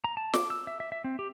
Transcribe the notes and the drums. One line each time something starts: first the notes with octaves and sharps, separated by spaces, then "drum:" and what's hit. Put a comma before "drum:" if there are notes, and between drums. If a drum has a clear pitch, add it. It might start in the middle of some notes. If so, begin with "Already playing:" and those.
A#5
A5
D6, drum: snare
E6
E5
E5
E5
C4
G4